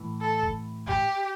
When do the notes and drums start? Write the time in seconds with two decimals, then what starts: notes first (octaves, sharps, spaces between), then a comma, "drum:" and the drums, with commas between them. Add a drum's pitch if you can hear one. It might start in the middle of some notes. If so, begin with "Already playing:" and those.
Already playing: A2 E3
0.21 A4
0.43 drum: kick
0.87 G4, drum: kick